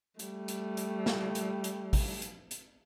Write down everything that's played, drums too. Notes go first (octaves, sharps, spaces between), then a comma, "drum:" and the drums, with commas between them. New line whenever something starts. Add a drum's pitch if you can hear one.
G3 A3, drum: hi-hat
drum: hi-hat
drum: hi-hat
drum: snare
drum: hi-hat
drum: hi-hat
drum: kick A1, open hi-hat
drum: hi-hat
drum: hi-hat